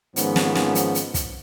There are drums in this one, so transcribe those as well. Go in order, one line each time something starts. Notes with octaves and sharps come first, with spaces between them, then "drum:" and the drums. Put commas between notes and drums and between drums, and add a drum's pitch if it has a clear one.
G#2 D#3 F3 B3 C#4, drum: hi-hat
drum: snare
drum: snare
drum: hi-hat
drum: hi-hat
drum: kick, hi-hat